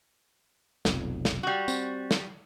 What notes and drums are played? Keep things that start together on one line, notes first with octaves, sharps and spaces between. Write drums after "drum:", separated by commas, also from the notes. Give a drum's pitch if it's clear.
F1 B1 F2, drum: snare
drum: snare
G3 F#4
C4, drum: tambourine
drum: snare